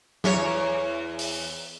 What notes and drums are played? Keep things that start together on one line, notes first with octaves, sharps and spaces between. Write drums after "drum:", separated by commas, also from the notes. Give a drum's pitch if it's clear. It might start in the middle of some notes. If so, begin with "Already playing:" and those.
E2 C#5, drum: snare
drum: open hi-hat